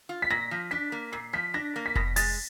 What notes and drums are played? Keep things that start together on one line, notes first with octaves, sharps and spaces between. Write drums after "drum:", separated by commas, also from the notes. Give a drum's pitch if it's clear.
F4
B6
A#2 A#6
F3
D4 B6
A#3
A#2 C7
F3 B6
D4 A#6
A#3
B6
B2 A#6, drum: kick F1
G#3 A6, drum: open hi-hat